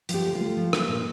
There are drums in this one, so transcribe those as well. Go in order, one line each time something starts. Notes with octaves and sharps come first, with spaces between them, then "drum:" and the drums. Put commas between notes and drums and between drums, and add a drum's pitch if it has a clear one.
F3, drum: hi-hat
G4
D2
F4
A3
F3
A#3, drum: rim click
A#2